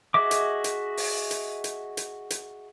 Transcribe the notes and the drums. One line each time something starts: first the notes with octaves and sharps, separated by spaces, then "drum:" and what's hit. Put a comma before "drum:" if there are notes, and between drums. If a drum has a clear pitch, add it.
F#4 G#4 D#5 E5 D6
drum: hi-hat
drum: hi-hat
drum: open hi-hat
drum: hi-hat
drum: hi-hat
drum: hi-hat
drum: hi-hat